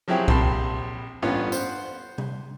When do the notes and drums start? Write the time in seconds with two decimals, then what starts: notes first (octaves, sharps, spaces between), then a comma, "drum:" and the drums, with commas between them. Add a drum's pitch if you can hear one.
0.08 F3 F#3 C4 E4 G4 G#4
0.28 A#1 C3 A5 B5 C6, drum: kick B1
1.22 A1 G2 B3 C#4 F4
1.52 C5 F#5, drum: tambourine
2.18 drum: tom C3